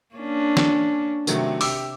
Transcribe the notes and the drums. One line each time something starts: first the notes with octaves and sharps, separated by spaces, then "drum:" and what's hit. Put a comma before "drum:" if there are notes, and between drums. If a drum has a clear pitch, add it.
A#3 C#4 D4
drum: snare
C3 D#3 F#3 A3, drum: tambourine
G4 D6 E6, drum: open hi-hat